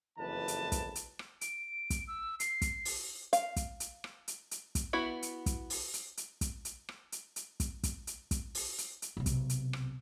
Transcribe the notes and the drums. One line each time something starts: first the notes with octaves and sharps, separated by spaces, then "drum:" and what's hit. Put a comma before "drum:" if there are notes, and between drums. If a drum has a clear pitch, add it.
F#1 F2 E3 B4 A5
drum: hi-hat
drum: kick, hi-hat
drum: hi-hat
drum: rim click
D7, drum: hi-hat
drum: kick, hi-hat
E6
C7, drum: hi-hat
drum: kick, hi-hat
drum: open hi-hat
F5, drum: hi-hat
drum: kick, hi-hat
drum: hi-hat
drum: rim click
drum: hi-hat
drum: hi-hat
drum: kick, hi-hat
B3 E4 F#4
drum: hi-hat
drum: kick, hi-hat
drum: open hi-hat
drum: hi-hat
drum: hi-hat
drum: kick, hi-hat
drum: hi-hat
drum: rim click
drum: hi-hat
drum: hi-hat
drum: kick, hi-hat
drum: kick, hi-hat
drum: hi-hat
drum: kick, hi-hat
drum: open hi-hat
drum: hi-hat
drum: hi-hat
B1 C3
drum: kick, hi-hat
drum: hi-hat
drum: rim click